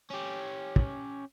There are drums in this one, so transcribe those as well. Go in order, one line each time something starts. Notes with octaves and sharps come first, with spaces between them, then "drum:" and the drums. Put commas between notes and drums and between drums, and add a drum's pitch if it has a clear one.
C#4 G4
drum: kick